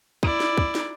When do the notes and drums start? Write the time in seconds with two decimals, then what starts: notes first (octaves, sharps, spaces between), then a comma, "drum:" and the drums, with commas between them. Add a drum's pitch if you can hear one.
0.23 E4 D5, drum: kick
0.40 drum: snare
0.57 drum: kick
0.75 drum: snare